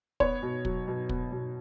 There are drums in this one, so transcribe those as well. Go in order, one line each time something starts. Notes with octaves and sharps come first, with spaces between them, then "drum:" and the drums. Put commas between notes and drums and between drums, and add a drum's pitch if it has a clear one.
B3 C#5, drum: kick
B2
F#3, drum: kick
B2
B3, drum: kick
B2